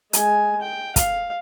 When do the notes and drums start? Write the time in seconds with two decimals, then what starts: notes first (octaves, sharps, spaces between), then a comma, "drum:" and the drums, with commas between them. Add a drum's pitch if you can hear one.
0.13 G#3 G#5, drum: hi-hat
0.62 G5
0.96 F5, drum: kick, hi-hat